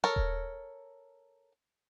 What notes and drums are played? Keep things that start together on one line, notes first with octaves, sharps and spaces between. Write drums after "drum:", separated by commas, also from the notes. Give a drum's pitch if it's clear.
A4 A#4 C#5
drum: kick D#1